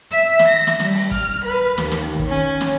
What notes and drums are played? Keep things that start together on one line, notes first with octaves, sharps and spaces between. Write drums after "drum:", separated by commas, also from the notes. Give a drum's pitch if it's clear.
E5, drum: hi-hat
drum: snare
A#6
drum: snare
G3, drum: snare
drum: open hi-hat
F6, drum: kick
B4
D#2, drum: snare
drum: snare
drum: kick
C#4
drum: snare